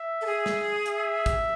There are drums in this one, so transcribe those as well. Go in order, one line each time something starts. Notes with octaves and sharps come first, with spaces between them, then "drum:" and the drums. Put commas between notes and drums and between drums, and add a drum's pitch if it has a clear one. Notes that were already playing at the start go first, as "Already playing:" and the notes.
Already playing: E5
A4
G#4
drum: snare
E5, drum: hi-hat
drum: kick, hi-hat